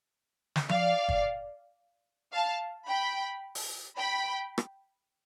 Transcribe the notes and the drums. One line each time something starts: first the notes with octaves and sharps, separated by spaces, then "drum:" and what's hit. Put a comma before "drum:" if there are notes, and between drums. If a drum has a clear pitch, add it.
drum: snare
D5 F5, drum: tom F3
drum: kick
F5 A5
G5 B5
drum: open hi-hat
G5 B5
drum: rim click